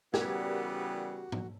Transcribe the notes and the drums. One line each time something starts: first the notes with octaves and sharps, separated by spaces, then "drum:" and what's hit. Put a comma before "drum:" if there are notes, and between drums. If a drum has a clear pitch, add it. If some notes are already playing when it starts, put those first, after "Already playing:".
C#3 E3 G3 B3 F#4 G4 A#4 G#6, drum: snare
drum: tom